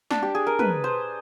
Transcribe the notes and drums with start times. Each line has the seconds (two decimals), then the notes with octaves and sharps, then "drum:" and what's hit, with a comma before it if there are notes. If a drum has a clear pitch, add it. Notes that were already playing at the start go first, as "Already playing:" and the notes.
0.11 D4, drum: snare
0.23 G4
0.35 G#4
0.47 A#4
0.59 B4, drum: tom
0.84 C5